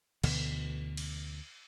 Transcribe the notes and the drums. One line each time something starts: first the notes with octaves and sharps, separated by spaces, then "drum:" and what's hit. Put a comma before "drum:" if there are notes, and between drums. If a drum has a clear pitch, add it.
D2 B2 D3 E3, drum: cymbal
drum: cymbal